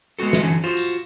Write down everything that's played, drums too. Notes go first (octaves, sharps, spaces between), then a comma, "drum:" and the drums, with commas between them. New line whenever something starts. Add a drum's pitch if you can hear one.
G#3 B3 C4 F#4 A4
drum: snare
D3 E3 F#3 C#4
F4 F#4 C5
drum: tambourine